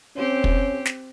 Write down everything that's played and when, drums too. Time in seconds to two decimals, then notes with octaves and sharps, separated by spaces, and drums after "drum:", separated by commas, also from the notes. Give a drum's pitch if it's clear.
0.16 C4 C#4 G4
0.44 drum: kick
0.85 drum: snare